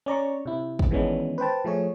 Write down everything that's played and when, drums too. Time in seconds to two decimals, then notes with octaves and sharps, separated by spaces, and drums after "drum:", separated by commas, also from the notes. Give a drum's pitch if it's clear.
0.06 C#4 D5 A#5 C#6
0.46 C3 E4
0.79 drum: kick
0.90 D#3 E3 G#3 B3 C#4 D4
1.38 B4 C5 G5 A5
1.65 F3 A3 G#4 C#5